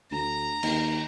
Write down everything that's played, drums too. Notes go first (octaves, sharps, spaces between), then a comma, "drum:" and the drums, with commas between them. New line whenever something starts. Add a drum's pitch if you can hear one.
D2 A#5
D#2, drum: cymbal